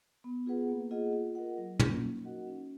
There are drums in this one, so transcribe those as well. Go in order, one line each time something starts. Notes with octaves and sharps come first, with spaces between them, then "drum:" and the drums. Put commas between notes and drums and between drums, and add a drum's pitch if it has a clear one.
B3
F4 G#4 B4 F#5
A#3
F4 G#4 D#5 F#5
F4
A#4 D#5 F#5
F#3
A#3 C#4 F4, drum: tom
D#4
F#4 A#4 D#5 F#5
C#4